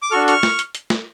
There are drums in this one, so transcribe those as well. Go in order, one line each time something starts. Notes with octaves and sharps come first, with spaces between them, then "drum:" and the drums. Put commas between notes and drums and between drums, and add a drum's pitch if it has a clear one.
D6
D4 F#4 A4 C#6 F6
C#6 F6, drum: hi-hat
drum: snare
drum: hi-hat
drum: hi-hat
drum: snare